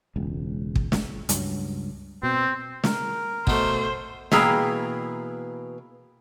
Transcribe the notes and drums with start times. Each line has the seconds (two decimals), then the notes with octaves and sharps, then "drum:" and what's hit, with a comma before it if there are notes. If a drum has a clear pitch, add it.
0.16 E1 C#2
0.75 drum: kick
0.92 drum: snare
1.29 C#2 G2 F#3, drum: hi-hat
2.23 B2 C4
2.84 A#4, drum: snare
3.47 B2 A3 C5, drum: kick
4.32 B2 E3 A#3 G#4 G5 A#5, drum: snare